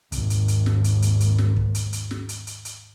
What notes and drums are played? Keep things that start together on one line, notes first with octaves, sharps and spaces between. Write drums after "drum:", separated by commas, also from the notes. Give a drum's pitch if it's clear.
G#1 D#2, drum: kick, hi-hat
drum: hi-hat
drum: hi-hat
drum: snare
drum: hi-hat
drum: hi-hat
drum: hi-hat
drum: snare
drum: kick
drum: hi-hat
drum: hi-hat
drum: snare
drum: hi-hat
drum: hi-hat
drum: hi-hat